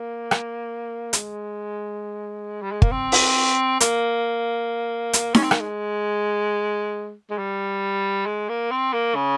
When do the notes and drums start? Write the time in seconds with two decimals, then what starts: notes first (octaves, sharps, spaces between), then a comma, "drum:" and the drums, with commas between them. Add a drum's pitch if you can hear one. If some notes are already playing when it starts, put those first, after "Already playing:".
Already playing: A#3
0.31 drum: rim click
1.13 G#3, drum: hi-hat
2.62 G3
2.72 G#3
2.82 A#3, drum: kick
2.92 C4
3.12 drum: open hi-hat
3.80 A#3, drum: hi-hat
5.13 drum: hi-hat
5.35 C#4, drum: snare
5.43 C4
5.51 A#3, drum: rim click
5.60 G#3
7.30 G#3
7.38 G3
8.26 G#3
8.49 A#3
8.71 C4
8.93 A#3
9.16 C#3